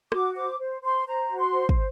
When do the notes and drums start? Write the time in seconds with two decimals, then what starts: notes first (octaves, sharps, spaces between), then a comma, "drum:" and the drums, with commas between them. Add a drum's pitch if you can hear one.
0.12 F#4 D6, drum: rim click
0.35 C5 D6
0.59 C5
0.82 C5 C6
1.06 C5 A#5
1.30 F#4
1.38 C6
1.54 C5
1.69 drum: kick